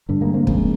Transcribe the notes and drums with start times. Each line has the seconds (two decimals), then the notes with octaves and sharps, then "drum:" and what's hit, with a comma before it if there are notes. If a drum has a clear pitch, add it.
0.09 G2 D3
0.21 G#3 A#3
0.34 A#3 C4
0.47 F2 C#3 G#3 A#3, drum: kick